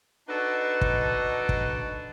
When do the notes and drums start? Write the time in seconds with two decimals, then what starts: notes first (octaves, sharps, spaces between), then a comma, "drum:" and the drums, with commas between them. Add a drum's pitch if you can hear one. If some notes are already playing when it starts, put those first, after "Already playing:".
0.27 D4 D#4 F#4 A4 B4 D#5
0.81 drum: kick
1.49 drum: kick